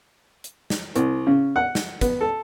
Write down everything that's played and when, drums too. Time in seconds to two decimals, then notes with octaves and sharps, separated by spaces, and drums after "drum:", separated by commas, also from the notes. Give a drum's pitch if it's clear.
0.44 drum: hi-hat
0.70 drum: snare
0.96 C2, drum: hi-hat
1.27 C#3
1.56 F#5
1.75 drum: snare
2.01 B3, drum: kick, hi-hat
2.21 A4